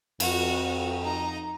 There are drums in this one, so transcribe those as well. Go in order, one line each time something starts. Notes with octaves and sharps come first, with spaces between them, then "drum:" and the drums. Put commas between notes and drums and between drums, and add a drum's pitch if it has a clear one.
F2 F#4, drum: cymbal
D#4 A#5